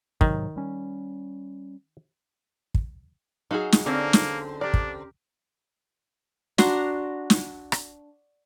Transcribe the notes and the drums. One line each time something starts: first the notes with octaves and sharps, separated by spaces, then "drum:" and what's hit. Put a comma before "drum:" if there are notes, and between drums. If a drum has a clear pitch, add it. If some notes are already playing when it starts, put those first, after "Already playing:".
G#2 C3 D#3 F#3, drum: kick
G3 C#4
drum: kick
F#3 D#4 F#4 G#4 F5 F#5
drum: snare
D3 A#3 C4 C#4 A4 A#4
drum: snare
D4 G4 A#4 D5
drum: kick
D4 F#4 A#5 C6, drum: snare
drum: snare
drum: rim click